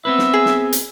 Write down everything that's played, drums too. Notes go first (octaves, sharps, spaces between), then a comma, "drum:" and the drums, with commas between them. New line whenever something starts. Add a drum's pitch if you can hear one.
B3 C4 B4 E5
drum: snare
G#4
drum: snare
drum: hi-hat